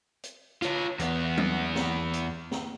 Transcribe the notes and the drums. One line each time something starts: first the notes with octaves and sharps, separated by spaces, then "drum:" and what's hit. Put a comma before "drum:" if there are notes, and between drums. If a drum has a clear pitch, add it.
drum: hi-hat
F4 C#5, drum: hi-hat
E2 B3, drum: hi-hat
drum: tom F#3
drum: snare
drum: hi-hat
drum: snare